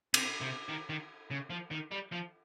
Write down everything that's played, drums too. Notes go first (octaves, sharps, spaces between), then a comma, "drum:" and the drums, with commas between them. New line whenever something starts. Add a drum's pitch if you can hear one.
C3, drum: cymbal
C3
D#3
D#3
C#3
F3
D#3
G3
F3